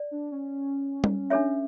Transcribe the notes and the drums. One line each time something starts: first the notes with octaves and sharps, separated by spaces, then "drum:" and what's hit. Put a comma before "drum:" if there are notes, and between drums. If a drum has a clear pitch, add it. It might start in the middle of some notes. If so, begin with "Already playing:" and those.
Already playing: D5
D4
C#4
drum: tom G3
D4 A4 C#5 E5